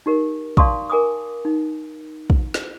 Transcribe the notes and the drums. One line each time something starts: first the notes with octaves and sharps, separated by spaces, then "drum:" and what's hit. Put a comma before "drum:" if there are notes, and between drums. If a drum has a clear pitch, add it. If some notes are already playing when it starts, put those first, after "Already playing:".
D#4 G4 A#4
D5 F5 A5 C6 C#6 D#6, drum: kick
A#4 G#5 D6 D#6
D#4
drum: kick
drum: snare